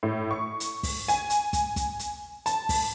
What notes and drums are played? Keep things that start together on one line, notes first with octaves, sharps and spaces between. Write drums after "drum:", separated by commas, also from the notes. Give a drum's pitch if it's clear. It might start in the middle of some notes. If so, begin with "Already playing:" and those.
A2
C#6
drum: hi-hat
drum: kick, open hi-hat
G#5, drum: hi-hat
drum: hi-hat
drum: kick, hi-hat
drum: kick, hi-hat
drum: hi-hat
A5, drum: hi-hat
drum: kick, open hi-hat